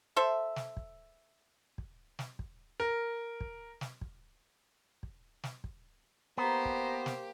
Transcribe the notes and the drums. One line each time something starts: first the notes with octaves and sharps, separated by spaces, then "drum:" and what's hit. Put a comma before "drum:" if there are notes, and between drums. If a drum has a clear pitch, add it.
A4 C5 E5
drum: snare
drum: kick
drum: kick
drum: snare
drum: kick
A#4
drum: kick
drum: snare
drum: kick
drum: kick
drum: snare
drum: kick
A#3 B3 G4 C5 A#5
drum: kick
drum: snare